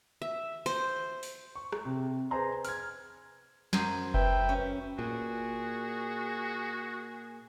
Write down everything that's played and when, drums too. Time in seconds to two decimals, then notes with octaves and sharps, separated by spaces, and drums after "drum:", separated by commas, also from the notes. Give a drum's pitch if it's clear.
0.22 E5
0.66 C5, drum: open hi-hat
1.23 drum: open hi-hat
1.56 C#6
1.72 drum: rim click
1.85 C3
2.31 G#4 B4 C5 G#5 A#5 C6
2.65 F6 G#6, drum: open hi-hat
3.73 F#2 C5 G#5, drum: snare
4.14 B4 E5 G5, drum: kick F#1
4.49 C#4
4.99 A#2 F#4 G#4